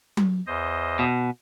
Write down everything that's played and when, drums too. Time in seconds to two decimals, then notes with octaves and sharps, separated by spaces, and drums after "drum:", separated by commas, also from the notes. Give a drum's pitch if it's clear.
0.17 drum: tom F#3
0.47 E2 C5 D#5
0.99 B2